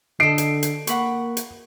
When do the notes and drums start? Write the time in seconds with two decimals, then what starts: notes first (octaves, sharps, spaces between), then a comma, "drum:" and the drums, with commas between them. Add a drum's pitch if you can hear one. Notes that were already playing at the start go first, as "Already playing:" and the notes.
0.20 D3 A4 D#5 C7 D7
0.38 drum: hi-hat
0.63 drum: hi-hat
0.87 A#3 F#5 B5 C#6, drum: hi-hat
1.37 drum: hi-hat